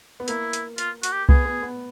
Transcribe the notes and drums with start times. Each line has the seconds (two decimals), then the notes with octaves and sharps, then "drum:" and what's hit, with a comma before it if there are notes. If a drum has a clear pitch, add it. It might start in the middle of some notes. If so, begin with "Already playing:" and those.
0.20 B3
0.28 A#3 E4, drum: hi-hat
0.53 drum: hi-hat
0.78 F4, drum: hi-hat
1.03 F#4, drum: hi-hat
1.12 G4
1.29 B3 G#4, drum: kick C2
1.45 B3
1.63 B3